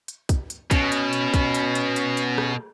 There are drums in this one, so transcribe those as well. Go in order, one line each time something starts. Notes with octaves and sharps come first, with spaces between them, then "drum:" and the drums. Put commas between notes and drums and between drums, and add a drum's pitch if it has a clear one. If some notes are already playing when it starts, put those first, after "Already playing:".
drum: hi-hat
drum: kick, hi-hat
drum: hi-hat
B2 C#4, drum: kick, hi-hat
drum: hi-hat
drum: hi-hat
drum: kick, hi-hat
drum: hi-hat
drum: hi-hat
drum: hi-hat
drum: hi-hat
drum: rim click